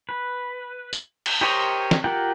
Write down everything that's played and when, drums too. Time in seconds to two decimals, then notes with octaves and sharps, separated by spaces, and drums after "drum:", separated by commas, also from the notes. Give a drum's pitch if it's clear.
0.09 B4
0.93 drum: tambourine
1.26 drum: cymbal
1.41 G4 A#4 C5 C#5 D#5
1.91 drum: snare
2.04 F4 G4 A#4 F#5 G5